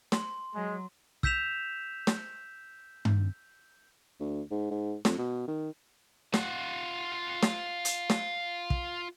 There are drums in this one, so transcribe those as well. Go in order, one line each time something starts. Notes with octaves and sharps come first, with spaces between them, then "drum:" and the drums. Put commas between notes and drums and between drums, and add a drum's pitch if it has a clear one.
C6, drum: snare
F#3 G#3
E6 G6 B6 E7 F7, drum: kick
drum: snare
drum: tom G2
D2
G#2
G#2
F2, drum: snare
B2
D#3
F4 F#5, drum: snare
drum: snare
drum: hi-hat
drum: snare
drum: kick